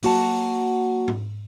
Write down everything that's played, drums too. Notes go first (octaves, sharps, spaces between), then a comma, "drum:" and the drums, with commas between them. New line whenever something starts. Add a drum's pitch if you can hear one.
F#3 A#3 F#4 F#5 A5, drum: open hi-hat
drum: tom G#2